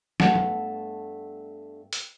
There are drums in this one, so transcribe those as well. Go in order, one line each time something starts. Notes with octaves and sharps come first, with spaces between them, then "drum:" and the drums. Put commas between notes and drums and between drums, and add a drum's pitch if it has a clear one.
G2 A3 B3 F#5 A5, drum: snare
drum: tom
drum: hi-hat